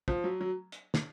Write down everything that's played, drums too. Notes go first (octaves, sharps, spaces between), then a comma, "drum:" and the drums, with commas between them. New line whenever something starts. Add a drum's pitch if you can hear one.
F3, drum: kick
F#3
F#3
drum: hi-hat
drum: snare